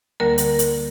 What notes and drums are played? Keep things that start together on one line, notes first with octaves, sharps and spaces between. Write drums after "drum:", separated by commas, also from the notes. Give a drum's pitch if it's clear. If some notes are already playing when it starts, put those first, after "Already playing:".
D2 D3 G3 A#3 A#4
drum: hi-hat
drum: hi-hat